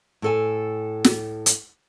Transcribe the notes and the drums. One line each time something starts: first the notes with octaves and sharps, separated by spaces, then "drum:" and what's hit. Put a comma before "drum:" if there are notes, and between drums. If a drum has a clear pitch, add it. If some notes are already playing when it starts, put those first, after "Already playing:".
A2 A4 G#5
drum: snare
drum: hi-hat